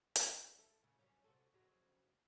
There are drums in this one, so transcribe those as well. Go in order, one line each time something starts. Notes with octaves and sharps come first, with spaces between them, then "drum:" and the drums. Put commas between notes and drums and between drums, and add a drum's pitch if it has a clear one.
D4 C#5, drum: hi-hat
E4 A4
C#3
F#3 G3 C#4
C3 F#4 A4
F2 C#3 F#3